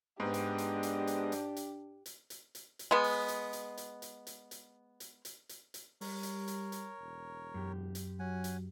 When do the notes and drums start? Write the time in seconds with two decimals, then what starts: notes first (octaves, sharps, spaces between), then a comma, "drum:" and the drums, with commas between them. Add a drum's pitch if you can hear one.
0.20 G#2 G#3 B3 D4 G4 B4 D#5
0.34 drum: hi-hat
0.58 drum: hi-hat
0.83 drum: hi-hat
1.07 drum: hi-hat
1.32 drum: hi-hat
1.56 drum: hi-hat
2.06 drum: hi-hat
2.30 drum: hi-hat
2.55 drum: hi-hat
2.79 drum: hi-hat
2.91 G#3 B3
3.04 drum: open hi-hat
3.28 drum: hi-hat
3.53 drum: hi-hat
3.77 drum: hi-hat
4.02 drum: hi-hat
4.27 drum: hi-hat
4.51 drum: hi-hat
5.00 drum: hi-hat
5.25 drum: hi-hat
5.49 drum: hi-hat
5.74 drum: hi-hat
6.01 G3 A#4 C#5, drum: open hi-hat
6.23 drum: hi-hat
6.48 drum: hi-hat
6.72 drum: hi-hat
7.00 E1
7.54 F#2 G4
7.95 drum: hi-hat
8.19 F#3 C#4 F#5 G#5
8.44 drum: hi-hat